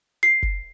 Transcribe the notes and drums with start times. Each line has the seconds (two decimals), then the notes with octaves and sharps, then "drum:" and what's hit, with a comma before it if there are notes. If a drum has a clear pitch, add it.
0.23 C7
0.43 drum: kick F#1